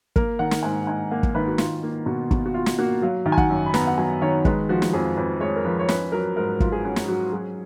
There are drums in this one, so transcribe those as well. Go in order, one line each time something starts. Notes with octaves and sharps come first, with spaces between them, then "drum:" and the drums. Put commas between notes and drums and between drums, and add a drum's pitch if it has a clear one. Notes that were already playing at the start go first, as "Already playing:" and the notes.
A#3 A#4, drum: kick
D#3 F#5
drum: snare
G#2 G#5
D#4 G#5
A#3 F#5
drum: kick
D#3 B4
F#4
F4, drum: snare
A#3
B2 F#4
B2, drum: kick
F#4
F4
drum: snare
A#3 F#4
F#3 F5
D#3
G#5
F#5, drum: kick
F#2
B5
B3 A#5, drum: snare
F#5
F#3 G#5
D#3 C#5
G#3 B4, drum: kick
F3 F#4
F#4, drum: snare
F2 G#4
F2 B4
G#3 C#5
A#4
F3 B4
C#5
C#4 B4, drum: snare
F#3 A#4
G#2 A#4
F4, drum: kick
G#4
C#4 F#4
drum: snare
F#3 F#4
F#3 G#4